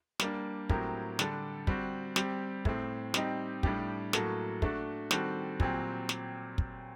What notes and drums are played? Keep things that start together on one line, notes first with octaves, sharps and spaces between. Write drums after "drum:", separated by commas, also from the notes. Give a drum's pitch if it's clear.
G3 A#3 D4, drum: snare
A2 F#3 C4 G4 A#4, drum: kick
D3 G3 D4 A4, drum: snare
G3 C4 F#4, drum: kick
G3 C4 G4, drum: snare
A2 A3 C4, drum: kick
G3 C4 D#4 G4, drum: snare
A2 G3 D4 G4, drum: kick
A2 F#3 A#3 F#4 A4, drum: snare
A3 D4 F#4 A4, drum: kick
D#3 G3 C4 F#4 A4, drum: snare
A#2 F#3 C4 G4, drum: kick
drum: snare
drum: kick